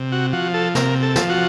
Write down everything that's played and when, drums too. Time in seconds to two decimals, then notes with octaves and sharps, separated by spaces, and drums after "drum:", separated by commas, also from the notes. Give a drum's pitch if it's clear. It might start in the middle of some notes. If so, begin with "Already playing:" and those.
Already playing: C3
0.12 F#4
0.33 F3 F#4
0.54 A4
0.75 C3 A#4, drum: snare
1.03 A4
1.16 F3, drum: snare
1.29 F#4